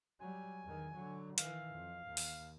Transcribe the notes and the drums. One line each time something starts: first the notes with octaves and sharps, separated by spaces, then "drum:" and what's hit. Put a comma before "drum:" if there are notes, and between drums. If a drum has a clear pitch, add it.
F#3 G3 G#5
E2 D#3
D3 F#3
D#3 E3 F5, drum: hi-hat
F2
D#2
drum: open hi-hat